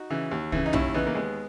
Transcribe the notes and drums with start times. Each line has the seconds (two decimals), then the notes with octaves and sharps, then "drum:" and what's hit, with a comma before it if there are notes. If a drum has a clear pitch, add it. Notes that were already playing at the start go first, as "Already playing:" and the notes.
Already playing: D#4 F#4
0.10 C#3 E3
0.31 D#2
0.52 C#3 E3, drum: kick
0.66 D#4
0.73 D#2 C#4 E4, drum: tom
0.94 C#3 E3 B3 D#4
1.07 A#3
1.15 D#2 G#3 B3